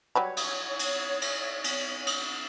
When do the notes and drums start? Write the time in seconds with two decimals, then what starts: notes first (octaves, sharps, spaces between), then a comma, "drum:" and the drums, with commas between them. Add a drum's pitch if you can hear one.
0.15 F#3 G3 C#5 B5
0.37 drum: cymbal
0.79 drum: cymbal
1.22 drum: cymbal
1.64 drum: cymbal
2.07 drum: cymbal